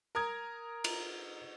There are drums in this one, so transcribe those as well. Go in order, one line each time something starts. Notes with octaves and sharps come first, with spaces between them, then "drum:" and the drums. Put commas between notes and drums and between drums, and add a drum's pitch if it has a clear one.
A#4 A#5 D#6 G#6
drum: cymbal